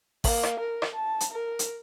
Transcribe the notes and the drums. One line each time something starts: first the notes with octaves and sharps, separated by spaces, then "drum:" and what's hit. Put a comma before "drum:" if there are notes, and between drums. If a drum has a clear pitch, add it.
A#3, drum: kick A1, open hi-hat
drum: rim click
A#4
drum: rim click
A5
drum: hi-hat
A#4
drum: hi-hat